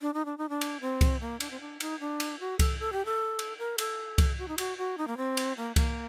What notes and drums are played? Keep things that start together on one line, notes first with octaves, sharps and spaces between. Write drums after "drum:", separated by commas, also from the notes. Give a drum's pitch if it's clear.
D4
D#4
D4
D#4
D4
drum: cymbal
C4
drum: kick C2, cymbal
A#3
D4, drum: cymbal
C4
D4
D#4, drum: cymbal
D4
drum: cymbal
F#4
A4, drum: kick C2, cymbal
A4
G4
A4
drum: cymbal
A#4
A4, drum: cymbal
drum: kick C2, cymbal
F#4
D#4
F#4, drum: cymbal
F#4
D#4
A#3
C4
drum: cymbal
A#3
A#3, drum: kick C2, cymbal